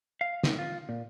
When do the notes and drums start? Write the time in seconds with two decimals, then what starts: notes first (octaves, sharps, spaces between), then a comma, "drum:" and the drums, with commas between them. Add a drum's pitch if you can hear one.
0.21 F5
0.43 C#2, drum: snare
0.59 F4
0.89 A#2